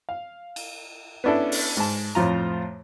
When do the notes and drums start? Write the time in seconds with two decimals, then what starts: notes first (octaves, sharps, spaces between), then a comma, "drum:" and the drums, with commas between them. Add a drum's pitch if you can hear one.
0.09 F5
0.56 drum: cymbal
1.24 B3 C#4 D4 E4 A4
1.52 drum: open hi-hat
1.77 G#2 A5
2.15 F2 A2 F3 F4 A#5